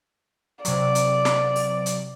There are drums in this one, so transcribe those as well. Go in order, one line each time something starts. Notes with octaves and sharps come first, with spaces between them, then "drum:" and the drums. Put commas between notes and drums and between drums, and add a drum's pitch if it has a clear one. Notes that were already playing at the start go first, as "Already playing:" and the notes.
C3 F#3 D5, drum: hi-hat
drum: hi-hat
drum: snare
drum: open hi-hat
drum: hi-hat